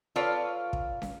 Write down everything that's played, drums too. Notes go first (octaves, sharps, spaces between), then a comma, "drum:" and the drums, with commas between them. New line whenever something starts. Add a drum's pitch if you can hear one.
F4 A4 B4 C#5 D5 F5
drum: kick
drum: snare